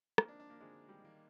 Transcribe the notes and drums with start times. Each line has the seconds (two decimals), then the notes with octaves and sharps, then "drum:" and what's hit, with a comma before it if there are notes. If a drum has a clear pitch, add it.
0.18 F3 A#3 C4 D#4, drum: rim click
0.28 D4
0.40 D4
0.50 A#3
0.60 D3 F3 G#3 C4 D#4
0.89 G3
1.03 D#3 A#3 D#4